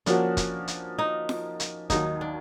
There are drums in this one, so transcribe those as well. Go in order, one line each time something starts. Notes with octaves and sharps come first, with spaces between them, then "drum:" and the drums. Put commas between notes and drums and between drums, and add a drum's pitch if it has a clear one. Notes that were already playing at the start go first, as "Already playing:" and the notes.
F3 A#3 C#4 D4 F#4, drum: hi-hat
drum: kick, hi-hat
drum: hi-hat
D#4
drum: snare F4
drum: hi-hat
D#2 D#3 F#3 D#4, drum: kick, hi-hat
D4